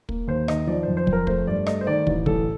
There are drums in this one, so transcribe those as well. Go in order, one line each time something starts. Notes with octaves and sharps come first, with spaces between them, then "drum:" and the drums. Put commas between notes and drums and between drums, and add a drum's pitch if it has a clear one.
A#3, drum: kick
D#2 C5
D#3 D#5, drum: rim click
F3 D5
F2 C5
C5
F2, drum: kick
A#4
A3 C5, drum: kick
G2 D5
A3 D#5, drum: rim click
C5
D#3 D5
A1, drum: kick
A1 A4, drum: kick